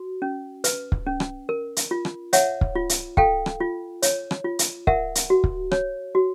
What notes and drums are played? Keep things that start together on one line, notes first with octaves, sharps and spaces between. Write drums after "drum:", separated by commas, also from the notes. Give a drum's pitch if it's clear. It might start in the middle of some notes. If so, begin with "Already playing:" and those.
Already playing: F#4
C#4
B4, drum: hi-hat
drum: kick
C#4
drum: rim click
A#4
drum: hi-hat
F4
drum: rim click
C#5 E5 F#5, drum: hi-hat
drum: kick
F4
drum: hi-hat
A4 F5 G5, drum: kick
drum: rim click
F4
C#5, drum: hi-hat
drum: rim click
F4
drum: hi-hat
A#4 E5 F#5, drum: kick
drum: hi-hat
F#4
drum: kick
C#5, drum: rim click
F#4